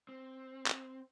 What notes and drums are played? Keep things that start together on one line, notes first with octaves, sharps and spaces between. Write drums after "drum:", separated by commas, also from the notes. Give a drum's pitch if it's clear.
C4
drum: clap